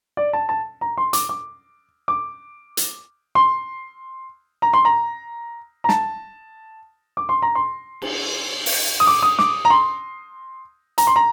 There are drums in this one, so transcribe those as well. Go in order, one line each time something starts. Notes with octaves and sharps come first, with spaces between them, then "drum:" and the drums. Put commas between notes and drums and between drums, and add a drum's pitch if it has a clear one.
D5
A5
A5
A#5
C6
D6, drum: hi-hat
D6
D6
drum: hi-hat
C6
A#5
C6
A#5
A#5
A5, drum: snare
D6
C6
A#5
C6
drum: cymbal
drum: open hi-hat
D#6
D6
D#6
D6, drum: snare
A#5
C6
A#5, drum: hi-hat
C6
A#5